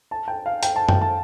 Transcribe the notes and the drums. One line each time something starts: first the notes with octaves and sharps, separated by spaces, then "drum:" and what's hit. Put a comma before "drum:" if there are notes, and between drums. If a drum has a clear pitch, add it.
A5
G5
F5
G5, drum: hi-hat
A5
G5, drum: tom F#2
A5